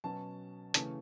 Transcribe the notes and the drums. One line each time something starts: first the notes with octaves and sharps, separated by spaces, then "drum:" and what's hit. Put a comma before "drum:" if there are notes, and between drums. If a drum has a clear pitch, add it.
B2 F#3 C#4 A5
C#3 E3 A3 C#4 A5, drum: hi-hat